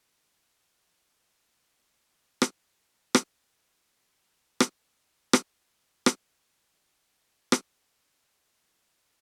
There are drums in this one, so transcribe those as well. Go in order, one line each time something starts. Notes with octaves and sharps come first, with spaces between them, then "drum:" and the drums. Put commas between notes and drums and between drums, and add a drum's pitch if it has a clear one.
D#4 C#5
A5 C6
drum: rim click
drum: rim click
F4 G#4
G#1 A6 E7 F#7
drum: rim click
G6 A6
drum: rim click
G5 G#5 C6
drum: rim click
drum: rim click
A4
C#4
D3
B5
E5
F2
B4
F#3